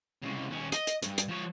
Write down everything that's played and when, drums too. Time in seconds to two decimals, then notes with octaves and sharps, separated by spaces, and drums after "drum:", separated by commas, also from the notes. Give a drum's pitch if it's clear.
0.22 C2 C#3
0.49 D#2 C#4
0.72 D#5, drum: hi-hat
0.87 drum: hi-hat
1.02 G2, drum: hi-hat
1.18 drum: hi-hat
1.29 F3 C#5